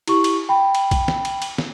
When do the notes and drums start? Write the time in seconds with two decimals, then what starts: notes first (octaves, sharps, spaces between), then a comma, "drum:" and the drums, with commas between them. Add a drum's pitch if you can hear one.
0.07 E4 G4 C#6, drum: cymbal
0.24 drum: cymbal
0.49 G5 B5
0.75 drum: cymbal
0.91 drum: kick, cymbal
1.08 drum: snare
1.25 drum: cymbal
1.42 drum: cymbal
1.58 drum: snare